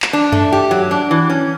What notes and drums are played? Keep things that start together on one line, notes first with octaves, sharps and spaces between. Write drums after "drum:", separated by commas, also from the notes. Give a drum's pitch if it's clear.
drum: clap
D4
A3, drum: tom F#2
G4
F#3
D4
E3
C#4